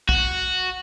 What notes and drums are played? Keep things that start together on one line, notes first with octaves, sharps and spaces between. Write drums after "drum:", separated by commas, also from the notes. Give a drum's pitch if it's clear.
F#4, drum: kick